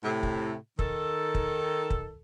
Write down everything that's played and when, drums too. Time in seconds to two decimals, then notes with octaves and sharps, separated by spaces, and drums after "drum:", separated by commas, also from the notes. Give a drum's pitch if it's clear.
0.04 A2 C3
0.23 drum: kick
0.79 D#3 A4, drum: kick
1.35 drum: kick
1.90 drum: kick